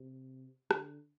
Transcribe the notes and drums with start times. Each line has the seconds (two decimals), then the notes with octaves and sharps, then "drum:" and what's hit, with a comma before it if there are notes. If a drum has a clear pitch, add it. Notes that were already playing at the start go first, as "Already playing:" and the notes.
Already playing: C3
0.71 D3, drum: rim click